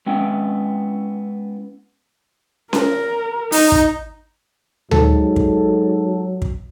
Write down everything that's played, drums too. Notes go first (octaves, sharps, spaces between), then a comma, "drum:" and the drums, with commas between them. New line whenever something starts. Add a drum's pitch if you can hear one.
G#3 B3 C#4 E4 G5
A#4, drum: snare C#4
D#4, drum: open hi-hat
drum: kick
G#2 F#3 A4, drum: tom D2
drum: kick
drum: kick